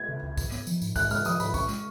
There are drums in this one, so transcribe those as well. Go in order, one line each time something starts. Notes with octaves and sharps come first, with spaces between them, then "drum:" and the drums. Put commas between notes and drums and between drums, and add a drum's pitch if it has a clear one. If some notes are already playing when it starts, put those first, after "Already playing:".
Already playing: G#6
C#3
C#2
G#2, drum: kick, tambourine
B3, drum: tambourine
F3, drum: tambourine
G#2, drum: tambourine
G#2 F#6, drum: kick, tambourine
G#3 F6, drum: tambourine
F3 D#6, drum: tambourine
G#2 B5, drum: tambourine
C#4 C#6, drum: kick, tambourine
G#3, drum: tambourine